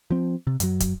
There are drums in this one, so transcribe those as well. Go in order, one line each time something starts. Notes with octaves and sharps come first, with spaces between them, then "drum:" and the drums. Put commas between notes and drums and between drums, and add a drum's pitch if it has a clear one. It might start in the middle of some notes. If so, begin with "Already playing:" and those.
F3 C4
C3
F#2 F#3, drum: hi-hat
drum: kick, hi-hat